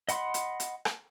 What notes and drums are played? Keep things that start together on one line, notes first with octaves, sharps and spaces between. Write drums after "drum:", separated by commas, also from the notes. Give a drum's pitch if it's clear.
D#5 F#5 B5 C6, drum: hi-hat
drum: hi-hat
drum: hi-hat
drum: rim click